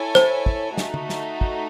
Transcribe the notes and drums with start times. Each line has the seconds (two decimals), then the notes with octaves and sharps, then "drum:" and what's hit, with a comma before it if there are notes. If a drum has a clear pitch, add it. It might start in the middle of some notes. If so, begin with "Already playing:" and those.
Already playing: E4 A4 C#5 G#5
0.15 C5, drum: snare
0.46 drum: kick
0.77 A3 D#4 F#4, drum: snare
0.94 drum: tom D3
1.10 drum: snare
1.41 drum: kick